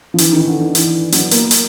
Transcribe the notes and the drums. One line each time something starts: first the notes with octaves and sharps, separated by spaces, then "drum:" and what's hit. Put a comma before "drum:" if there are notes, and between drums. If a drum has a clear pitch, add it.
F3
E3, drum: hi-hat
D#3
D3
D#3
E3, drum: hi-hat
F#3, drum: hi-hat
A#3, drum: hi-hat
drum: hi-hat